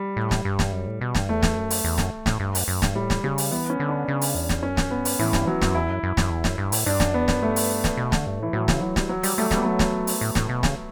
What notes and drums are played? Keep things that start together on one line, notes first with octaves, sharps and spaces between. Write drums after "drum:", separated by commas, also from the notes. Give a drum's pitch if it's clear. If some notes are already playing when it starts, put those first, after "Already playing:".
Already playing: G3
A2
drum: snare
G2
drum: snare
F#2
A2
B2
G2, drum: snare
E2 A3
drum: snare
F#2
drum: open hi-hat
E2
F#2, drum: snare
A2, drum: snare
G2
F#2, drum: open hi-hat
F#2
G2, drum: snare
A2 G3
drum: snare
C#3 G3
drum: open hi-hat
E3 B3
C#4
D3
D4
C#3
drum: open hi-hat
E2
drum: snare
F#2 C#4
drum: snare
G2 B3
drum: open hi-hat
A2 E3
G2, drum: snare
F#3
F#2, drum: snare
E2 E4
F#2
F#2
F#2, drum: snare
E2
F#2, drum: snare
G2
A2, drum: open hi-hat
G2 D4
F#2, drum: snare
E2 B3
F#2, drum: snare
G2 A3
drum: open hi-hat
drum: snare
B2
D3, drum: snare
G2
A2 E3
A2 F#3
C#3, drum: snare
E3 F#3
G3, drum: snare
F#3
G3, drum: open hi-hat
G3 A3
G3 B3, drum: snare
F#3 A3
drum: snare
drum: open hi-hat
A2
A2, drum: snare
B2
C#3, drum: snare